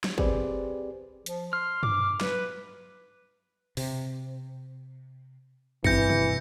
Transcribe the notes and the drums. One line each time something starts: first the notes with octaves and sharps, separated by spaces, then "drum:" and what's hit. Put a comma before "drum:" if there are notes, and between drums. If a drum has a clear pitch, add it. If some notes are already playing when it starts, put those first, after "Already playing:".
drum: snare
C4 G4 G#4 B4 C5 D5, drum: kick
F3, drum: hi-hat
C6 F6
D6, drum: tom G2
B4, drum: snare
C3, drum: open hi-hat
G2 E3 C4 G6 A#6 C#7, drum: kick
drum: tom B2